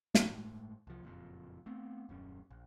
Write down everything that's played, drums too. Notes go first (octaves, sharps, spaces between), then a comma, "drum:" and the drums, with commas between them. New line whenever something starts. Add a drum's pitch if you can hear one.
G1 A2 G#3 A3, drum: snare
C2 F3
F#1 F2 A#2
A3 B3 C4
D#1 F#2 C#4
A#1